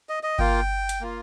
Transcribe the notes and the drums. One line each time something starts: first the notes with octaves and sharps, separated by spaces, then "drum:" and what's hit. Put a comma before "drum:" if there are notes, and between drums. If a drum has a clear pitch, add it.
D#5
D#5
A#3 F4 G5, drum: kick G1
drum: hi-hat
A#3 F4